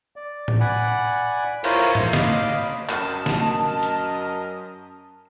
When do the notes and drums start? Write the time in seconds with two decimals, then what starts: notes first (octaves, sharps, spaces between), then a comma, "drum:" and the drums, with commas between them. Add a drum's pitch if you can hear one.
0.16 D5
0.48 drum: tom A2
0.60 D5 F#5 G#5 B5
1.64 E4 F4 A#4 C5 C#5 A#5, drum: cymbal
1.95 G#2, drum: tom G#2
2.13 D#5 F5 B5 D6, drum: snare
2.89 F#2 A#4 D#5 A5, drum: clap
3.26 drum: snare
3.83 drum: hi-hat